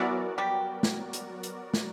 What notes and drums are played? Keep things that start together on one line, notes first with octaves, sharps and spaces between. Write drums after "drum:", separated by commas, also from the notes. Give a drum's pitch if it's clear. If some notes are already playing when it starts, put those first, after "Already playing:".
Already playing: E3 F#3 B3 E4 F#4 A#4 D5
G3 G4
drum: snare
drum: hi-hat
drum: hi-hat
drum: snare